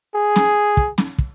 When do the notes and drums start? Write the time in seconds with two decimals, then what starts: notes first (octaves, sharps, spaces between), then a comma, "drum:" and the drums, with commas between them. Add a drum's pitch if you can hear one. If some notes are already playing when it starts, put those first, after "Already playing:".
0.15 G#4
0.36 drum: snare
0.77 drum: kick
0.98 drum: snare
1.18 drum: kick